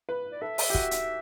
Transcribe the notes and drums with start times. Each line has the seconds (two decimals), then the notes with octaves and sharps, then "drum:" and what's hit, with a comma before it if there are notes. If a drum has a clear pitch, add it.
0.09 B4
0.32 D5
0.41 A4 E5
0.58 drum: open hi-hat
0.70 G4
0.74 F#4, drum: kick
0.91 drum: hi-hat